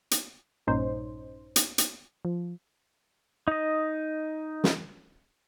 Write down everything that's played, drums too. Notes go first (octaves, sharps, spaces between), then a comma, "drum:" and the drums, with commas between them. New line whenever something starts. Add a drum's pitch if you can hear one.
drum: hi-hat
A#1 G2 A#2 C#4 D#4 C5
drum: hi-hat
drum: hi-hat
F3
D#4 D#5
drum: snare